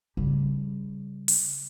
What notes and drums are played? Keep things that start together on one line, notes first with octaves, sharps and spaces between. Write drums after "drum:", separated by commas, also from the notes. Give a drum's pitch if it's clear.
C#3 G3
drum: open hi-hat